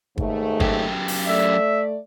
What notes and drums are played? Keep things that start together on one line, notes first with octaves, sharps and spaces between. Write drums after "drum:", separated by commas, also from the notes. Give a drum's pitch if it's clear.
D#2 G#2 A3, drum: kick G1
F#2 G4, drum: kick G1
drum: open hi-hat
A3 D5 E5